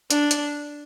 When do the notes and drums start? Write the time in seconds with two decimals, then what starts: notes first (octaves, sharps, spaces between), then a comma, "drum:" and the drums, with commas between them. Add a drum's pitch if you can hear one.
0.10 D4, drum: hi-hat
0.31 drum: hi-hat